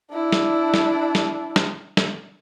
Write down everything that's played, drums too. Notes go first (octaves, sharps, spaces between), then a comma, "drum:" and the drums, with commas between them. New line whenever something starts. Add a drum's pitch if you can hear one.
D4 E4
drum: snare
drum: snare
drum: snare
drum: snare
drum: snare